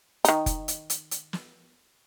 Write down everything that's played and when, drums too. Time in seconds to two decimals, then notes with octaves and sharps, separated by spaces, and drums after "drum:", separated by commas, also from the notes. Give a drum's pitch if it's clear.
0.25 D#3 D#4, drum: hi-hat
0.46 drum: kick F1, hi-hat
0.68 drum: hi-hat
0.90 drum: hi-hat
1.11 drum: hi-hat
1.33 drum: snare